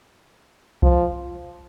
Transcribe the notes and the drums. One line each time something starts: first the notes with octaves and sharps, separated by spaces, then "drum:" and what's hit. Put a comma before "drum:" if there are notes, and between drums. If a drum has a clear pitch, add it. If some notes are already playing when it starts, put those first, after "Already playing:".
F3, drum: kick C2